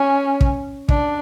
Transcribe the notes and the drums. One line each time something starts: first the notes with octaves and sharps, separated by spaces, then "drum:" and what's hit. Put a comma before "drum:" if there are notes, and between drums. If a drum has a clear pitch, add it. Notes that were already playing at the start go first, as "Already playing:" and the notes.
Already playing: C#4
drum: kick
D4, drum: kick